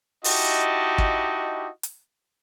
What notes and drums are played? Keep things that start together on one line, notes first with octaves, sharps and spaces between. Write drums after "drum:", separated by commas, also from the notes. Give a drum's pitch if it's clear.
D#4 E4 F#4 G4 D#5 A5, drum: open hi-hat
drum: kick
drum: hi-hat